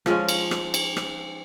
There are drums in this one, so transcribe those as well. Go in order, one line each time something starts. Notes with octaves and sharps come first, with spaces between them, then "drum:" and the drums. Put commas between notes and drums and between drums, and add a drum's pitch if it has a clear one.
F3 G#3 C#4, drum: rim click
drum: cymbal
drum: rim click
drum: cymbal
drum: rim click